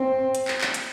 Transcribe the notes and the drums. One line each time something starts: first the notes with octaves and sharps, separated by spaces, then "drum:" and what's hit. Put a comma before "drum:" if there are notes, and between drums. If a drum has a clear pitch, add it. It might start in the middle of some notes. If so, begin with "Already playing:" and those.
Already playing: C4
drum: hi-hat
drum: clap
drum: clap
drum: hi-hat